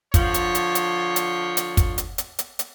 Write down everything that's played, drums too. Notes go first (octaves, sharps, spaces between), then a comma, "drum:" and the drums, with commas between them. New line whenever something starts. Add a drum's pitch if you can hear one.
D3 F3 C#5, drum: kick, hi-hat
drum: hi-hat
drum: hi-hat
drum: hi-hat
drum: hi-hat
drum: hi-hat
drum: kick, hi-hat
drum: hi-hat
drum: hi-hat
drum: hi-hat
drum: hi-hat